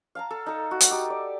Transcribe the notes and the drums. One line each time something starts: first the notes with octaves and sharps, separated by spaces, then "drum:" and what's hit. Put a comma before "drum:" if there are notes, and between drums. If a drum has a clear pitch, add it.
F5 A5 A#5
A4
D#4 A4
F#4
drum: hi-hat
D#4 G4
D5